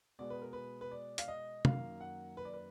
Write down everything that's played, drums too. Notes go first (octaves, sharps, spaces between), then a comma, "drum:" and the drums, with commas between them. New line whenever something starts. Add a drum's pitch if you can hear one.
B2 G#3 B3 D5
B4
A#4
B4
B4
D5
F5, drum: hi-hat
D#5
F#2 D#3 A#3 F5, drum: tom
F#5
B4
D5
B4